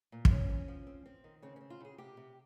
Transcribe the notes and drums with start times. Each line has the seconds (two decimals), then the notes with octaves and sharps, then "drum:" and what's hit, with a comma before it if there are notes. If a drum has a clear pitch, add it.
0.12 A#2
0.25 D#4, drum: kick
0.30 C4 C#4
0.49 C4
0.68 F3
0.87 C4
1.06 C4
1.24 D#3
1.42 C#3 C4
1.56 C#4
1.61 C4
1.70 F4
1.80 C#3 G#4
1.98 C3 G4
2.17 C3